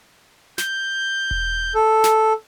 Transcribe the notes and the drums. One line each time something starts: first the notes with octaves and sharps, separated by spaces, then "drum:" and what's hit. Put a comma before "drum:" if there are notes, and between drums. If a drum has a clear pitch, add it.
G6, drum: snare
drum: kick E1
A4
drum: snare